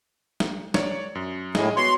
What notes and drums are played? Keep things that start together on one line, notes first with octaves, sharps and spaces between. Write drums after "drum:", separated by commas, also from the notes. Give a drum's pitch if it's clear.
drum: snare
C#5 D5, drum: snare
F#2
A2 G#4 D#5 G#5, drum: snare
B3 F#4 C#5 C6